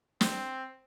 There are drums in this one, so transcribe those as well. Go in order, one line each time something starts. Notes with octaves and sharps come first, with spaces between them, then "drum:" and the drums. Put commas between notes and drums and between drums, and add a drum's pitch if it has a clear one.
C4, drum: snare